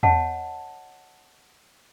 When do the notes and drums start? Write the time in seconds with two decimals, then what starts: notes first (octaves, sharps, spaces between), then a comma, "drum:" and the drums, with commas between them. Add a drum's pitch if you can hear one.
0.03 C#5 D#5 F#5 A5, drum: tom E2